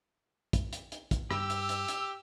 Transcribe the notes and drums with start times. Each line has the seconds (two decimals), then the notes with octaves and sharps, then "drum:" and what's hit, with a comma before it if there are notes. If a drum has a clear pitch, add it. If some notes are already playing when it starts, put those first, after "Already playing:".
0.53 drum: kick, hi-hat
0.73 drum: hi-hat
0.92 drum: hi-hat
1.11 drum: kick, hi-hat
1.31 G2 G4 E6, drum: rim click
1.50 drum: hi-hat
1.69 drum: hi-hat
1.88 drum: hi-hat